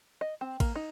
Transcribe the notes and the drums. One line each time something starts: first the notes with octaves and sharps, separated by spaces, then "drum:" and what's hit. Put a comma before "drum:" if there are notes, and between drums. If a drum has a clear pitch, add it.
D#5
C4
A#3, drum: kick, cymbal
D#4